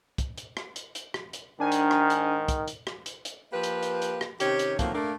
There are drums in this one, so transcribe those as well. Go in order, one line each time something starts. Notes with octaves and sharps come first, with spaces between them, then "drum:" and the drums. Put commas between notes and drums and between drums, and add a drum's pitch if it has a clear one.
drum: kick, hi-hat
drum: hi-hat
drum: rim click
drum: hi-hat
drum: hi-hat
drum: rim click
drum: hi-hat
G#2 D#3 D4 G#5
drum: hi-hat
drum: rim click
drum: hi-hat
drum: kick, hi-hat
drum: hi-hat
drum: rim click
drum: hi-hat
drum: hi-hat
F3 A#3 G4 B4
drum: hi-hat
drum: hi-hat
drum: hi-hat
drum: rim click
C3 D#3 C#4 G4 C#5, drum: hi-hat
drum: hi-hat
D#3 F3 F#3 A3 A#3 C4, drum: kick, hi-hat
A3 A#3 D4